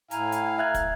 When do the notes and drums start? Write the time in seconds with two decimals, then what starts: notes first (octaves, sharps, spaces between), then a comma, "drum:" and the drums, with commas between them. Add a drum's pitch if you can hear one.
0.11 A2 E4 F5 G#5 A#5, drum: hi-hat
0.32 drum: hi-hat
0.58 E5 F#6 G#6
0.74 drum: kick, hi-hat